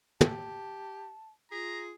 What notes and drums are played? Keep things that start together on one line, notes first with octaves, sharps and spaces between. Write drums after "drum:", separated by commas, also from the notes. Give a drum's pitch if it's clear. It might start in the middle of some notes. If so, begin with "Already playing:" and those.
G4 A5, drum: tom
F4 G#4 A#5